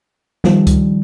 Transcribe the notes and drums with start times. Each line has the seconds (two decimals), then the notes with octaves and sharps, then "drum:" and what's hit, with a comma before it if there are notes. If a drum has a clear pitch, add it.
0.44 D#3 F3 G3, drum: snare B3
0.67 drum: kick C#2, hi-hat